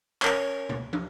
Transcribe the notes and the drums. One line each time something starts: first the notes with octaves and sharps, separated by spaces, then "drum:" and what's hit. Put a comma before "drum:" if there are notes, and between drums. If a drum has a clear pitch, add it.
C#4 A#4 C#5, drum: clap
drum: tom B2
drum: tom